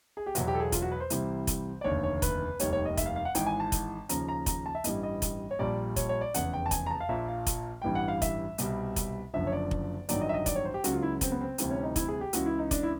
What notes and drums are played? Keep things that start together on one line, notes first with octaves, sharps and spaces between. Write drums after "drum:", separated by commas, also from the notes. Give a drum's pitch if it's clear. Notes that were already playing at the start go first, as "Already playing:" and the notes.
G#4
G4
E2 B2 F#3 F#4, drum: hi-hat
G4
A4
G#4
F4, drum: kick F1, hi-hat
F#4
B4
C5
C2 C3 E3 G3, drum: hi-hat
drum: kick F1, hi-hat
D5
F1 D#2 D3 C#5
C#5
B4, drum: kick F1, hi-hat
F1 D#2 D#3 G3 C#5, drum: hi-hat
C#5
D#5
E5, drum: kick F1, hi-hat
F5
F5
F#5
G#1 G#2 E3 G5, drum: hi-hat
G#5
A5
drum: kick F1, hi-hat
D#2 C#3 F3 A#5, drum: hi-hat
A#5
A#5, drum: kick F1, hi-hat
A5
E5
A1 G2 E3 G3 D#5, drum: hi-hat
D#5
drum: kick F1, hi-hat
C#5
A#1 A#2 G3 D5
C#5, drum: kick F1, hi-hat
C#5
D5
F1 E2 C#3 F#5, drum: hi-hat
G5
A5
G#5, drum: kick F1, hi-hat
A#5
A5
F5
A#1 A#2 F3 E5
F5
drum: kick F1, hi-hat
A1 G2 E3 G3 G5
F#5
F5
E5, drum: kick F1, hi-hat
C2 B2 G3, drum: hi-hat
drum: kick F1, hi-hat
F#1 F#2 D3 F3 E5
C#5
D5
drum: kick F1
A1 G2 D#3 F#3 D5, drum: hi-hat
D#5
E5
D#5
D5, drum: kick F1, hi-hat
C#5
C5
G4
C#2 C#3 F#3 F#4, drum: hi-hat
F4
E4
C4, drum: kick F1, hi-hat
B3
C4
D2 C3 E3 G3 C4, drum: hi-hat
C#4
D#4
E4, drum: kick F1, hi-hat
G#4
G4
C#2 C#3 E3 F#4, drum: hi-hat
E4
D#4
D4, drum: kick F1, hi-hat
E4